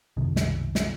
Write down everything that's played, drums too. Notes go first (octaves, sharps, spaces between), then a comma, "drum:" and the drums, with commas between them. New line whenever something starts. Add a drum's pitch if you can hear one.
C2 F#2 B2 D#3
drum: snare
drum: snare